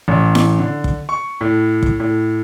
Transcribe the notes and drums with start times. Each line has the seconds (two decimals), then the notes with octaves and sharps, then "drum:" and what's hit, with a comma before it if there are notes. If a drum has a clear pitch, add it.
0.08 A1
0.35 drum: snare E4
0.59 D3
0.84 drum: kick
1.09 C#6
1.41 A2
1.83 drum: kick
2.00 A2